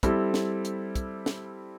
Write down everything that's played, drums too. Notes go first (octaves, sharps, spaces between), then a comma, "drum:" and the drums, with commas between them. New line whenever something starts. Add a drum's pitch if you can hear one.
G3 C4 E4 A4, drum: kick, hi-hat
drum: snare
drum: hi-hat
drum: kick, hi-hat
drum: snare